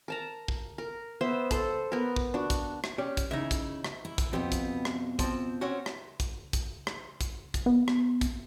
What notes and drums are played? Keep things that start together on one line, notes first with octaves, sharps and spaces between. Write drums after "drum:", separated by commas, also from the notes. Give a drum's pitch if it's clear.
A#4 A5 A#5
drum: kick
A#4
B3 C5 E5
A4 C5, drum: kick, hi-hat
B3 A#4
drum: kick
D4 F#4
drum: kick, hi-hat
drum: rim click
C#4 G4 D5
drum: kick, hi-hat
C#3 D#4 E4 E5
drum: kick, hi-hat
drum: rim click
E4
drum: kick, hi-hat
F2 B2 B3 C4 G4
drum: kick, hi-hat
drum: rim click
F3 C4, drum: kick, hi-hat
C4 C#4 F#4
drum: rim click
drum: kick, hi-hat
drum: kick, hi-hat
drum: rim click
drum: kick, hi-hat
drum: kick, hi-hat
B3
drum: rim click
drum: kick, hi-hat